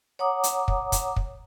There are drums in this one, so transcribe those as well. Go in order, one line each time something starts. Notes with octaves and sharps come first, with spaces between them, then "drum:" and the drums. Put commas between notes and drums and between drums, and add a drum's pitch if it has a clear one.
C#5 F#5 A#5 D6 D#6
drum: hi-hat
drum: kick
drum: kick, hi-hat
drum: kick